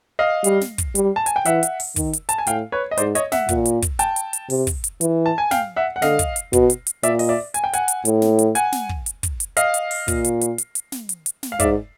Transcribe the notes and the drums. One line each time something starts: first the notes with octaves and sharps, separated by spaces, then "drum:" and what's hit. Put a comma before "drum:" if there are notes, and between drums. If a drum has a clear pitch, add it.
D#5 F5
G3, drum: hi-hat
drum: snare
drum: kick, hi-hat
G3, drum: hi-hat
A5
G#5, drum: hi-hat
G5
E3 E5 F#5, drum: hi-hat
drum: hi-hat
drum: open hi-hat
D#3, drum: kick, hi-hat
drum: hi-hat
A5, drum: hi-hat
G#5
A2 F5 G5, drum: hi-hat
B4 C#5
D#5
G#2 C5 D5, drum: hi-hat
C#5 D#5, drum: hi-hat
E5 F#5, drum: snare
A#2, drum: kick, hi-hat
drum: hi-hat
drum: kick, hi-hat
G5 A5, drum: hi-hat
drum: hi-hat
drum: hi-hat
C3, drum: open hi-hat
drum: kick, hi-hat
drum: hi-hat
E3, drum: hi-hat
A5
G#5
F5 G5, drum: snare
E5 F#5
F#5
D3 D#5 F5, drum: snare
drum: kick, hi-hat
drum: hi-hat
B2, drum: kick, hi-hat
drum: hi-hat
drum: hi-hat
A#2 D5 E5, drum: hi-hat
D#5, drum: open hi-hat
D5 E5
G#5, drum: hi-hat
G5
F#5 G#5, drum: hi-hat
drum: hi-hat
A2, drum: hi-hat
drum: snare
drum: hi-hat
F#5 G#5, drum: hi-hat
drum: snare
drum: kick
drum: hi-hat
drum: kick, hi-hat
drum: hi-hat
D#5 F5, drum: hi-hat
drum: hi-hat
drum: open hi-hat
A#2, drum: kick, hi-hat
drum: hi-hat
drum: hi-hat
drum: hi-hat
drum: hi-hat
drum: snare
drum: hi-hat
drum: hi-hat
drum: snare
F5
G#2 D5 E5, drum: kick, hi-hat